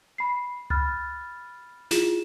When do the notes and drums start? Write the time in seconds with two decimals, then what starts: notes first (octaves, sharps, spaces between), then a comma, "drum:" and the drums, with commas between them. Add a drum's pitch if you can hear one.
0.18 B5 C7
0.70 B5 F6 F#6 A6, drum: tom C#2
1.91 E4 F4 G#4 E7, drum: snare